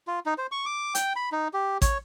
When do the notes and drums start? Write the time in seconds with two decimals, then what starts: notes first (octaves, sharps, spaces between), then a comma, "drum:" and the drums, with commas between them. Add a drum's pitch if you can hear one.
0.07 F4
0.26 D#4
0.38 C5
0.52 C#6
0.66 D6
0.95 G5, drum: hi-hat
1.16 B5
1.32 D#4
1.53 G4
1.82 C#5, drum: kick A1, hi-hat